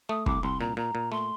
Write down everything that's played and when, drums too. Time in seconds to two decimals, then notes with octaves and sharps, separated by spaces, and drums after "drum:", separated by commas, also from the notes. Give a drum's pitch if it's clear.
0.09 A3 D#6
0.26 C2 D6, drum: kick
0.43 C2 C6
0.60 A#2 A#5
0.77 A#2 A#5
0.95 A#2
1.12 A3 C6